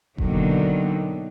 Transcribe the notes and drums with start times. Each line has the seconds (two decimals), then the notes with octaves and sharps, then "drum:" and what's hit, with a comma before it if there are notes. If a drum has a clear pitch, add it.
0.18 B2 D3 D#3 F#3 A#3, drum: kick F1